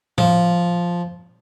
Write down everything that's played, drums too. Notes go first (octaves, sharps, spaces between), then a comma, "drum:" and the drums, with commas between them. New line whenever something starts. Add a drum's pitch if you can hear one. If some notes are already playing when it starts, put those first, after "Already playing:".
F3, drum: tom A2